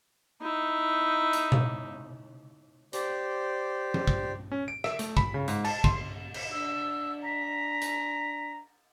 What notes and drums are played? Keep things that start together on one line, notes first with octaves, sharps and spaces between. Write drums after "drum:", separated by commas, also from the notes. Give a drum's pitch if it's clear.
D#4 E4
drum: hi-hat
drum: tom B2
G4 C5 D5, drum: hi-hat
drum: tom E3
drum: kick
C#4
D7
E5, drum: rim click
A3, drum: hi-hat
B5, drum: kick
C#3
G#2, drum: hi-hat
A5, drum: cymbal
C6, drum: kick
drum: cymbal
D4 E6
A#5 B6
drum: hi-hat